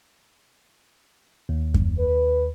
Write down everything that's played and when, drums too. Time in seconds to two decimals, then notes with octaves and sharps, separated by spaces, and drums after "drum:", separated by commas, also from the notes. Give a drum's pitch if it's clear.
1.49 D#2
1.74 drum: kick F#2
1.97 B4